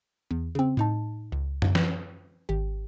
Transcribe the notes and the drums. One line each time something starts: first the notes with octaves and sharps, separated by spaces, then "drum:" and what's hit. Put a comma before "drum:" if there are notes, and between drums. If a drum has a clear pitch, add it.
E2
C#3 C4
A2 D#4 A5
C#2
drum: tom F#2
B4, drum: snare
G#1 G4